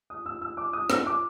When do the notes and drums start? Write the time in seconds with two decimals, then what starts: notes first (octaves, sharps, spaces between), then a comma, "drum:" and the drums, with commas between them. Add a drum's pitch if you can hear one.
0.10 D#6
0.26 E6
0.42 E6
0.57 D6
0.73 D#6
0.90 E6, drum: rim click
1.06 D6